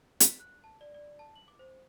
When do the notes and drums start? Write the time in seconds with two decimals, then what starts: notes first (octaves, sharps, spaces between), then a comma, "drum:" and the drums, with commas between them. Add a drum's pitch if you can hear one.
0.20 B6, drum: hi-hat
0.40 F#6
0.64 A5
0.81 D5
0.94 D5
1.19 A5
1.36 F#7
1.48 D6
1.59 C5